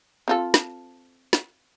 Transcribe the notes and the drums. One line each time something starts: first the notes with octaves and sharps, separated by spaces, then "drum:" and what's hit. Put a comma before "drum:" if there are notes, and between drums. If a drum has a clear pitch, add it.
C4 F4 A4
drum: snare
drum: snare